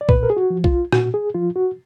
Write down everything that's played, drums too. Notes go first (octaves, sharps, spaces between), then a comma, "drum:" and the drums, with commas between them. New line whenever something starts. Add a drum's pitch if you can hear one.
D5
A#2 B4, drum: kick
A#4
G#4
F#4
F3
F4, drum: kick
A#2 F#4, drum: rim click
G#4
F3 F4
F#4